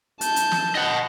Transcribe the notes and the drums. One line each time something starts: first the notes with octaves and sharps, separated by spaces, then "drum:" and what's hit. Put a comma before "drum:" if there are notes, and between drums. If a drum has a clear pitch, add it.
A5 G6, drum: hi-hat
drum: hi-hat
drum: snare
D#5 F#5